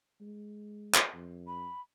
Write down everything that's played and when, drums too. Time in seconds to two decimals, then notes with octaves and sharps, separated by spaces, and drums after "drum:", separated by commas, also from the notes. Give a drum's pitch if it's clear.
0.21 G#3
0.94 drum: clap
1.14 F2
1.47 B5